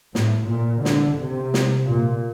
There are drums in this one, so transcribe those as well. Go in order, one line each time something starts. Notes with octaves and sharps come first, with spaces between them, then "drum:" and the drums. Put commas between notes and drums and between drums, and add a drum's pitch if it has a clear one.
A2, drum: snare
A#2
D3, drum: snare
C3
drum: snare
A#2